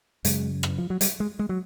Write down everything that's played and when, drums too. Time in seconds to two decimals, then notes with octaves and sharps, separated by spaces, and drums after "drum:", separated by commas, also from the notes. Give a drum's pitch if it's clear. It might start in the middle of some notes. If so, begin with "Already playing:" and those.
0.25 F#2 C#3 G#3, drum: hi-hat
0.63 drum: rim click
0.78 F3
0.90 F#3
1.01 G3, drum: hi-hat
1.20 G#3
1.39 G#3
1.49 F#3